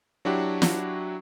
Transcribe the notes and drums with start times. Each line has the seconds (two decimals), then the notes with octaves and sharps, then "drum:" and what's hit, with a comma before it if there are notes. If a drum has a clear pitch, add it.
0.25 F#3 D4 E4 F#4 G4
0.62 drum: snare